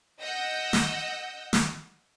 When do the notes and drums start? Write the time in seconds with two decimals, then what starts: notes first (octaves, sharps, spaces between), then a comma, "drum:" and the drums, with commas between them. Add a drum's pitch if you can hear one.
0.20 D#5 F#5 E6 G6 A#6
0.73 drum: snare
1.53 drum: snare